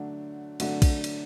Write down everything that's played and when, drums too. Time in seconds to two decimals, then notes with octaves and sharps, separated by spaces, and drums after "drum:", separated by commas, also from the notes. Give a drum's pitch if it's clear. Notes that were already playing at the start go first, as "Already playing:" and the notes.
Already playing: D3 F#3 A3 D4
0.60 D3 F#3 A3 D4, drum: cymbal
0.82 drum: kick A#1, cymbal
1.04 drum: cymbal